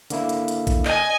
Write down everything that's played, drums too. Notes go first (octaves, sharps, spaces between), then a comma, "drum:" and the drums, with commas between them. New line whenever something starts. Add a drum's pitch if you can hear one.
D3 A#3 E4, drum: hi-hat
drum: hi-hat
drum: hi-hat
drum: kick A1, hi-hat
D#5 G#5, drum: clap